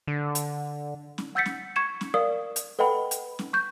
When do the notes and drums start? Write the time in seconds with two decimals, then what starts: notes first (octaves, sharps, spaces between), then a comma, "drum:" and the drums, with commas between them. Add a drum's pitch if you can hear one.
0.07 D3
0.35 drum: hi-hat
1.18 drum: snare C#4
1.35 F#5 E6 G6 A6 B6 C#7
1.46 drum: snare C#4
1.76 C#6 G#6 C#7 E7
2.01 drum: snare C#4
2.14 A#4 D5 F5 D#6
2.56 drum: hi-hat
2.79 A4 B4 D#5 F#5 G5 B5
3.11 drum: hi-hat
3.39 drum: snare C#4
3.53 C#6 G6